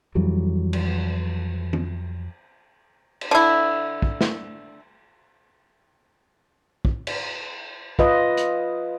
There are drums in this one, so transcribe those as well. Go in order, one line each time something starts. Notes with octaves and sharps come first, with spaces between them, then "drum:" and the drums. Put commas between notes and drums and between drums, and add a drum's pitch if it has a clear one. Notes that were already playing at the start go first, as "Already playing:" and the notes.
F2 E3 F#3 G3
drum: cymbal
drum: tom E3
drum: cymbal
D3 E4
drum: kick
drum: snare
drum: kick
drum: cymbal
F4 B4 D#5, drum: kick
drum: hi-hat